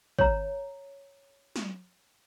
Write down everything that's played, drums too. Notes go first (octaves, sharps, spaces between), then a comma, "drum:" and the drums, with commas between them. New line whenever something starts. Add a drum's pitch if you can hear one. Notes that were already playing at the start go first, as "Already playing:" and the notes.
C#5 A#5, drum: kick
drum: snare